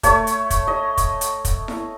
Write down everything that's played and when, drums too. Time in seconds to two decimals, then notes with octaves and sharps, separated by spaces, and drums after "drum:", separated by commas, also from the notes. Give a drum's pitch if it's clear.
0.03 A3 C#5, drum: kick, hi-hat
0.27 drum: hi-hat
0.50 drum: kick, hi-hat
0.67 D#5
0.97 drum: kick, hi-hat
1.21 drum: hi-hat
1.45 drum: kick, hi-hat
1.68 drum: snare E4